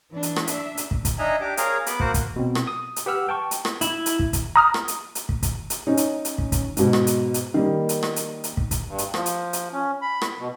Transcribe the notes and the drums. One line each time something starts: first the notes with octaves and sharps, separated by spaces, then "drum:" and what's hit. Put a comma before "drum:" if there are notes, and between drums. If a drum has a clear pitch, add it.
E3 D4
drum: hi-hat
drum: rim click
D4 E5, drum: hi-hat
drum: hi-hat
drum: kick
drum: kick, hi-hat
D4 D#4 D#5 E5 G#5 A#5
D4 G4 D6
G#4 A#4 C#5 F5 A#5, drum: hi-hat
B3 B5 D6, drum: hi-hat
A#3 F#4 A#4 C5 F#5 F#6, drum: kick
drum: kick, hi-hat
B2 C4
drum: rim click
D#6
drum: hi-hat
G4 B4 F#5 E6 F6
G5 A5 C#6
drum: hi-hat
drum: rim click
E4, drum: hi-hat
drum: hi-hat
drum: kick
drum: kick, hi-hat
A#5 D#6 F6
drum: rim click
drum: hi-hat
drum: hi-hat
drum: kick
drum: kick, hi-hat
drum: hi-hat
C#4 D#4
drum: hi-hat
drum: hi-hat
drum: kick
drum: kick, hi-hat
G#2 B2, drum: hi-hat
drum: rim click
drum: hi-hat
drum: hi-hat
D#3 G3 A#3
drum: hi-hat
drum: rim click
drum: hi-hat
drum: hi-hat
drum: kick
drum: kick, hi-hat
G2
drum: hi-hat
F3, drum: rim click
drum: hi-hat
drum: hi-hat
C#4
B5
drum: rim click
B2